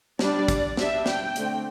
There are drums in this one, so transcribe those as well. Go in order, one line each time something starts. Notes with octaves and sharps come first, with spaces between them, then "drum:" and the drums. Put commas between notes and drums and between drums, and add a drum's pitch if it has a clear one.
G3 D4 D5, drum: snare
drum: kick, hi-hat
G3 D4 E5, drum: snare
G5, drum: snare
D3 A3 C4, drum: hi-hat